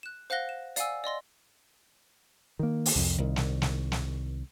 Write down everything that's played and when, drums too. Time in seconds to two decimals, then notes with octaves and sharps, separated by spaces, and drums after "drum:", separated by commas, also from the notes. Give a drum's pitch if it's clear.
0.03 F#6 E7
0.30 C5 F5 F#5 F#6 A#6 G7
0.49 E7
0.76 D5 F5 F#5 G#5 E6, drum: hi-hat
1.04 D5 D#5 C6 A#6
2.59 D#3 A#3
2.86 drum: open hi-hat
2.95 C2 F2
3.18 C2 D#3
3.36 drum: snare
3.62 drum: snare
3.92 drum: snare